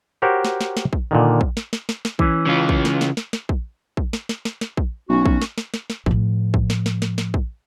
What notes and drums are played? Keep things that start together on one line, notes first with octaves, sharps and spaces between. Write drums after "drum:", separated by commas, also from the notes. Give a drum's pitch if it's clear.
F#4 G4 A#4 C5 C#5 F#5
drum: snare
drum: snare
drum: snare
drum: kick
A#2 D3 D#3
drum: kick
drum: snare
drum: snare
drum: snare
drum: snare
E3 C#4, drum: kick
C#3 F4
drum: kick
drum: snare
drum: snare
drum: snare
drum: snare
drum: kick
drum: kick
drum: snare
drum: snare
drum: snare
drum: snare
drum: kick
B1 C#4 F#4
drum: kick
drum: snare
drum: snare
drum: snare
drum: snare
A2 F3, drum: kick
drum: kick
drum: snare
drum: snare
drum: snare
drum: snare
drum: kick